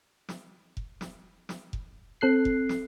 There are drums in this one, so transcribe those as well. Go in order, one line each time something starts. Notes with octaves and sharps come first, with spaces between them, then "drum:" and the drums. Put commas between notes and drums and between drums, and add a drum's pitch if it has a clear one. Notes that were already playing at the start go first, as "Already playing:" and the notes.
drum: snare
drum: kick F1
drum: snare
drum: snare
drum: kick F1
C4 A4 F#6 C7
drum: kick F1
drum: snare